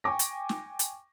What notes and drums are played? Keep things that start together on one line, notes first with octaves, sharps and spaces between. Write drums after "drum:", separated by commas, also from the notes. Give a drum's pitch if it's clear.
G5 G#5 C#6 D6 A#6
drum: hi-hat
drum: snare
drum: hi-hat